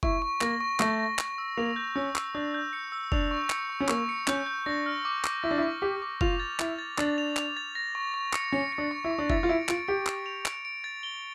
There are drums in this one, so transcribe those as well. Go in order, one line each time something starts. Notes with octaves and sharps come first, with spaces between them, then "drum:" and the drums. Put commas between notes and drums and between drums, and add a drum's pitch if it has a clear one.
E4 C#6, drum: kick F1
C#6
A#3 A#6, drum: clap
C#6
A3 A#6, drum: clap
A#6
C#6, drum: clap
E6
A#3 F7
G6
C#4 E6
E6, drum: clap
D4 G6
G6
C#7
E6
D4 F7, drum: kick F1
C#6
C#7, drum: clap
C#6
C#4
A#3 C#6, drum: clap
C#7
C#4 G6, drum: clap
G6
D4 A#6
F6
D6
D6, drum: clap
E4 A#6
D4
E4
D6
G4 D6
D6
F4 F7, drum: kick F1
A6
E4 A6, drum: clap
A6
D4 A6, drum: clap
F7
F7, drum: clap
A6
A#6
C#6
C#6
C#7, drum: clap
C#4 C#7
C#7
D4
C#6
E4
C#6
D4
E4 A6, drum: kick F1
F4
E4 D7
F4 D7, drum: clap
G4 D7
A6, drum: clap
F7
D7, drum: clap
D7
A6
G7